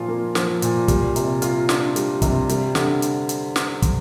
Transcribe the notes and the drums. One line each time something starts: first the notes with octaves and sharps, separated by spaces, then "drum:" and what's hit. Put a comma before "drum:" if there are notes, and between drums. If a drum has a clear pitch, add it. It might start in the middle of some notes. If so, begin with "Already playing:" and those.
Already playing: A#2 F3 F4
A#3
F3, drum: snare
A#2, drum: hi-hat
G3, drum: kick, hi-hat
C3, drum: hi-hat
F4, drum: hi-hat
D4, drum: snare
G3, drum: hi-hat
C3, drum: kick, hi-hat
G3, drum: hi-hat
D3, drum: snare
drum: hi-hat
drum: hi-hat
drum: snare
drum: kick, hi-hat